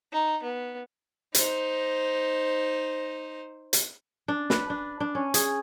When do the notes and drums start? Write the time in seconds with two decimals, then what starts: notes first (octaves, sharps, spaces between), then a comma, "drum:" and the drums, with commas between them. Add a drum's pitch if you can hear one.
0.13 D#4
0.43 B3
1.35 D#4 C5, drum: hi-hat
3.73 drum: hi-hat
4.28 D4
4.50 B4, drum: snare
4.70 D4
5.00 D4
5.15 C#4
5.34 G#4, drum: hi-hat